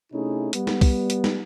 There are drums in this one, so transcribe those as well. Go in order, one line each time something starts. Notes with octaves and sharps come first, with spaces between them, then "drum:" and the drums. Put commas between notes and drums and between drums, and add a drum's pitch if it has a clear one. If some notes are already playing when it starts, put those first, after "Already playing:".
C3 A3 C#4 D#4 E4 G#4
G3 B3, drum: hi-hat
drum: snare
drum: kick B1, open hi-hat
drum: hi-hat
drum: snare